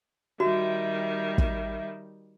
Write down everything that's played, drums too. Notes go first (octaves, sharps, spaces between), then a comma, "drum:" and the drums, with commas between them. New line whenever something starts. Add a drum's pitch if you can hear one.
D#3 G3 F#4 E5
drum: kick